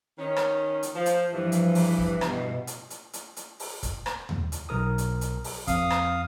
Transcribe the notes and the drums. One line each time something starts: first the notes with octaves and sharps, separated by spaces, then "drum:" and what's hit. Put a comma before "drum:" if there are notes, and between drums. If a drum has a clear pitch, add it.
D#3 C#4
drum: rim click
drum: hi-hat
F3
drum: hi-hat
G2 E3 F3
drum: hi-hat
drum: open hi-hat
drum: kick
B2, drum: rim click
drum: hi-hat
drum: hi-hat
drum: hi-hat
drum: hi-hat
drum: open hi-hat
drum: kick, hi-hat
drum: rim click
drum: tom D#2
drum: hi-hat
B1 A#4 D#6
drum: hi-hat
drum: hi-hat
drum: open hi-hat
F2 F5 D#6, drum: kick, hi-hat
drum: rim click